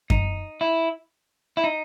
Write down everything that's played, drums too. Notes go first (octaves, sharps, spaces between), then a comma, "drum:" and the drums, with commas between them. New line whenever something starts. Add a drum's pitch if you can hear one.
D#4, drum: kick F#2
E4
E4
D#4